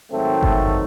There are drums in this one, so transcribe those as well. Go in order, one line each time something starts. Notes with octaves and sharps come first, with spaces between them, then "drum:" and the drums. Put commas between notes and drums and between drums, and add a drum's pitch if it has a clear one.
G#2 D#3 F#3 A3 C4
drum: kick G1